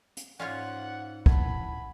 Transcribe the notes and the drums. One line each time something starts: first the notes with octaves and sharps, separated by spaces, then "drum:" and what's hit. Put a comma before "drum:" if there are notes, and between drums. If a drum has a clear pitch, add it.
drum: hi-hat
G#2 C#4 F4 C#5 D5 F5 F#5
E4 F#5 A5 B5 G#6, drum: kick